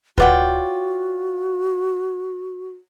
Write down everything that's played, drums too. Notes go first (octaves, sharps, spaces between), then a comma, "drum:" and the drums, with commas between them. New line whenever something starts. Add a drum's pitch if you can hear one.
F4 F#4 B4 C#5 D5 F#5 G5, drum: kick D2